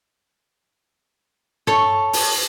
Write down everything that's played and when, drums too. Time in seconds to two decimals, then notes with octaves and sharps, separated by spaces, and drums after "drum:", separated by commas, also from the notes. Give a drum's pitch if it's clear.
1.67 A4 C#5 C#6, drum: tom G2
2.13 drum: open hi-hat